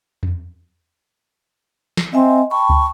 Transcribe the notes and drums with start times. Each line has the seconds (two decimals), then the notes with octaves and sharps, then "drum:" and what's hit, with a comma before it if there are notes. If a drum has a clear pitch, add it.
0.23 drum: tom E2
1.97 drum: snare
2.13 C4 D#5 E5 G#5
2.51 G5 A5 B5 C#6
2.69 drum: kick C#2